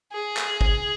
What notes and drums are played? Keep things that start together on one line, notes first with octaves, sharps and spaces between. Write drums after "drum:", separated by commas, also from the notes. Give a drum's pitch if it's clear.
G#4
drum: clap
drum: kick